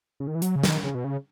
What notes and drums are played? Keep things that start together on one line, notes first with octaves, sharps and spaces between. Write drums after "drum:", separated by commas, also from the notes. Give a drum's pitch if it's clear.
C#3
D#3
E3
F#3, drum: hi-hat
C#3
D#3, drum: snare
C#3
B2
C#3